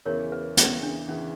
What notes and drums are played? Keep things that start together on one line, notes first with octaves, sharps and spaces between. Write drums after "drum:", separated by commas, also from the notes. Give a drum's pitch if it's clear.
E2 C#3 E3 A#4 C#5
B4
E2 C#3 E3 C#4, drum: hi-hat
D4
C#3 E3 C#4